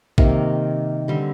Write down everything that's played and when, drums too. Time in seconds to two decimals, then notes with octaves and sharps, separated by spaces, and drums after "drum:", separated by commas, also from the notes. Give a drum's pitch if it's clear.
0.18 C3 D#3 A#3, drum: kick A1
1.08 D3 G3 C4